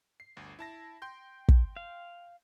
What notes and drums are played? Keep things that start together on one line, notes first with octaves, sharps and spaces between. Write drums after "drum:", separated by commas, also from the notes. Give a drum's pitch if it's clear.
C7
G1 D2
E4 A5 A#6
G5 C6 G6
drum: kick
F5